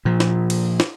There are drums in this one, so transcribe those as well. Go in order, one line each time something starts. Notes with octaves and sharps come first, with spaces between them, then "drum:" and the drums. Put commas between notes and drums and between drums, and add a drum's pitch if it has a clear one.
A#2 F3
drum: snare
drum: cymbal
drum: snare